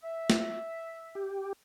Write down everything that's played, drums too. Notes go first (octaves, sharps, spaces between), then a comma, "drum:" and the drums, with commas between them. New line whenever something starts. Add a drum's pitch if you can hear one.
E5
drum: snare
G4